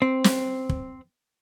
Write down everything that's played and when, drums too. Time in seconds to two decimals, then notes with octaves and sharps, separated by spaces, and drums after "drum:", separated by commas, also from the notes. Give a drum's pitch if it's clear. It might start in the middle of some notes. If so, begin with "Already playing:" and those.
0.02 C4
0.24 drum: snare
0.69 drum: kick